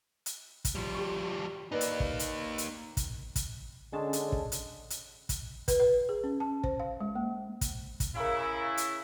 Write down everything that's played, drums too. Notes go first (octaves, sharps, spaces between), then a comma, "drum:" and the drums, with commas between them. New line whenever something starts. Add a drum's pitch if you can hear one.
drum: hi-hat
drum: kick, hi-hat
F3 G3
G4 C#6
A#3 D#4 B4 D5
drum: hi-hat
drum: kick
drum: hi-hat
drum: hi-hat
drum: kick, hi-hat
drum: kick, hi-hat
D3 G#3 C#4 A5
drum: hi-hat
drum: kick
drum: hi-hat
drum: hi-hat
drum: kick, hi-hat
B4, drum: kick, hi-hat
B4
G#4
C#4
A5
C5, drum: kick
F5
G#3
A#3
drum: kick, hi-hat
drum: kick, hi-hat
C#3 E4 A#4 F5
drum: hi-hat